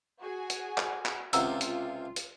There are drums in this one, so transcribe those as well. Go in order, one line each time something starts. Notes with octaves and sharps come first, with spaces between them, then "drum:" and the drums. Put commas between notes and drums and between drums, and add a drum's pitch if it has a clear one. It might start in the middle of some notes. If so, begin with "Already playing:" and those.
F#4 G#4 G#5
drum: hi-hat
drum: clap
drum: clap
C#2 C3 F4 F#5 A#5 E6, drum: hi-hat
drum: hi-hat
drum: hi-hat